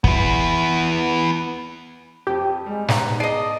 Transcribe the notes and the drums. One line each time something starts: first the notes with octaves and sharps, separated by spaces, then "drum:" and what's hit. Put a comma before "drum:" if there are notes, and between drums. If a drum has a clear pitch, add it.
B3 E4, drum: kick
F2 G4
G3 G#3
B3 D#4, drum: snare
G#4 D5 D#5 A5 C7 D#7